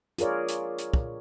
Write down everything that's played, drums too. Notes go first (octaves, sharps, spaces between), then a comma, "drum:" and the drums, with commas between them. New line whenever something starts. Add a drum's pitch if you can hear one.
F4 G#4 A#4 C#5 D5, drum: hi-hat
drum: hi-hat
drum: hi-hat
drum: kick